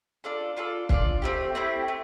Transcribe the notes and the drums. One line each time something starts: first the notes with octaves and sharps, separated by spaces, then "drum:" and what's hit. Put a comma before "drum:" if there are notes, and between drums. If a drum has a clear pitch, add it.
D4 F4 A4 D5
D4 F4 A4 D5
D4 F4 A4 D5, drum: kick
A3 C4 E4 G4
A3 C4 E4 G4
A3